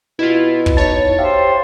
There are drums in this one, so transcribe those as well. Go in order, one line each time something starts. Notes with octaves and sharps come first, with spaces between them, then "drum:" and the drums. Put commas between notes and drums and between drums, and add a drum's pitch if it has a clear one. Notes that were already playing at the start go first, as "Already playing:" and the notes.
B2 E4 F4
drum: kick
D#4 E4 C#5 A5 A6
G4 C5 E5 F5